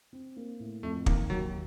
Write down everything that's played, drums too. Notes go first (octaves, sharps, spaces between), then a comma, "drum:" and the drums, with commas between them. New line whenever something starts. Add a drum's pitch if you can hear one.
C4
A#3
A2
F2 A3
D#3 A#3, drum: kick
D#2 F#3